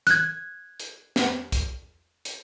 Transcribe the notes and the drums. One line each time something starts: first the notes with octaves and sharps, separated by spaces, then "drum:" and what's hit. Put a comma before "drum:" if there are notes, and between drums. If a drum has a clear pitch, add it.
F#6 G#6, drum: hi-hat
drum: hi-hat
drum: snare
drum: kick, hi-hat
drum: hi-hat